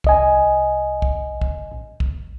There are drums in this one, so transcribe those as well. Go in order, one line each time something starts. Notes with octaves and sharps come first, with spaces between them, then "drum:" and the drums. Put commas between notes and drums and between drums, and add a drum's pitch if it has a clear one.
C2 D#5 G#5, drum: kick
drum: kick
drum: kick
drum: kick